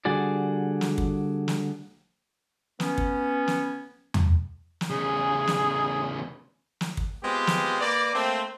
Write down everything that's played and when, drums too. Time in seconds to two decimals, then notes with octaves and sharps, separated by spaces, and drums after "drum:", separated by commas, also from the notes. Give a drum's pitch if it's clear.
0.05 D3 G3 F#4 G#4 D5
0.81 drum: snare
0.98 drum: kick
1.48 drum: snare
2.80 B3 C#4, drum: snare
2.98 drum: kick
3.48 drum: snare
4.14 drum: tom E2
4.81 drum: snare
4.90 E2 C#3 G#4
5.47 drum: snare
6.81 drum: snare
6.97 drum: kick
7.23 G#3 B3 C4 F4 G4
7.47 drum: snare
7.81 A#3 B4 D5
8.14 A3 A#3 C4